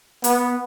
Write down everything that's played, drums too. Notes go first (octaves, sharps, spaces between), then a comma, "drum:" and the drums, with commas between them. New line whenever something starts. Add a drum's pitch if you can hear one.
B3, drum: hi-hat